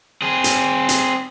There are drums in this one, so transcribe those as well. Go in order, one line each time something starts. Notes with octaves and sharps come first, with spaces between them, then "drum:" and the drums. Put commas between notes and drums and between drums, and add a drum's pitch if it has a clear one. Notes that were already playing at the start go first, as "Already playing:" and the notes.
C4 G#4
drum: hi-hat
drum: hi-hat